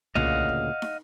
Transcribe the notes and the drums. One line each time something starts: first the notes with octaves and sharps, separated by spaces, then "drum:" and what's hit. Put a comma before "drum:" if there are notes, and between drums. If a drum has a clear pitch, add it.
D2 A#2 C#3 D#5 F5 F#5, drum: tom C2
drum: kick
drum: snare